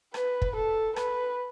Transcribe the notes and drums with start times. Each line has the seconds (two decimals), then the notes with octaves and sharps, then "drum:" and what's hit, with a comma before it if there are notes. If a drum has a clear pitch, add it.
0.14 B4, drum: rim click
0.42 drum: kick
0.56 A4
0.96 B4, drum: rim click